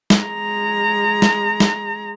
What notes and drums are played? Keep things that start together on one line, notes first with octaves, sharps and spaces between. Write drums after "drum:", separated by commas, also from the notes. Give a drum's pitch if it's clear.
drum: snare
G#3 A#5
drum: snare
drum: snare